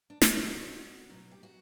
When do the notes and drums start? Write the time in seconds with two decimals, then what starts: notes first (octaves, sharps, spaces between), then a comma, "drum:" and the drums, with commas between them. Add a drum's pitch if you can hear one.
0.10 D4
0.22 F#4, drum: snare
0.32 G4
0.43 B2 F#3 F#4
1.10 B2 F#3
1.32 G4
1.43 F#4